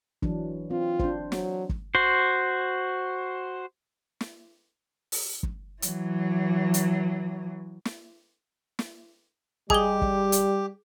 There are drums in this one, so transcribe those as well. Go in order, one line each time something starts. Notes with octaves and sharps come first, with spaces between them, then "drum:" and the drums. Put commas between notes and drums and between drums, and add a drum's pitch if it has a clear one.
E3 F#3 D4, drum: kick
C4 F4
D4 C5, drum: kick
F#3, drum: snare
drum: kick
F#4 C5
drum: snare
drum: open hi-hat
drum: kick
E3 F#3, drum: hi-hat
drum: hi-hat
drum: snare
drum: snare
G3 G4 G#4 D#5 G#5 G7, drum: kick
drum: kick
drum: hi-hat